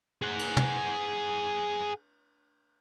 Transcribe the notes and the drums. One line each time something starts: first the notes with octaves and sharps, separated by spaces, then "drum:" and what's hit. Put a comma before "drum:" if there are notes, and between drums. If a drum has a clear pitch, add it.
G#4 F#5
drum: cymbal
drum: tom